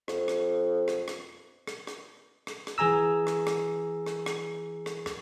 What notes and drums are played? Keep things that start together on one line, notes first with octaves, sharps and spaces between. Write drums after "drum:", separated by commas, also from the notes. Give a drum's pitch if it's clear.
F2, drum: rim click
drum: rim click
drum: rim click
drum: rim click
drum: rim click
drum: rim click
drum: rim click
drum: rim click
E3 G#4 G#5 A#5 E6
drum: rim click
drum: rim click
drum: rim click
drum: rim click
drum: rim click
drum: rim click